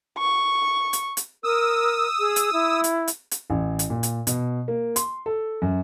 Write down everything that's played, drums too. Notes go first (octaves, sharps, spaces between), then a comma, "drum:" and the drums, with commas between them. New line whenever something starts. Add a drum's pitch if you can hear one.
C#6
drum: hi-hat
drum: hi-hat
A#4 D#6 E6
G#4
drum: hi-hat
E4
drum: hi-hat
drum: hi-hat
drum: hi-hat
A1
drum: hi-hat
A#2
drum: hi-hat
B2, drum: hi-hat
A#3
C6, drum: hi-hat
A4
F#2